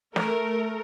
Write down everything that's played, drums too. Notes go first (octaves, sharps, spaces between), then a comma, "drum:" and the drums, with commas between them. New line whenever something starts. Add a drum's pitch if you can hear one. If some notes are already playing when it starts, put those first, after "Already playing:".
A3 A#4, drum: snare